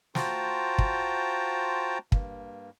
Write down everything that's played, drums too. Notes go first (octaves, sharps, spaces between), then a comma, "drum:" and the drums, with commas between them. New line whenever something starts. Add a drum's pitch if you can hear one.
F4 F#4 C5 G5 A5 A#5, drum: snare
drum: kick
G2 A#3, drum: kick